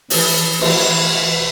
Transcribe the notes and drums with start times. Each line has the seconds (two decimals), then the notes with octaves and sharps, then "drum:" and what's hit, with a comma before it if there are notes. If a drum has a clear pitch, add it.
0.10 E3, drum: open hi-hat
0.61 E3, drum: cymbal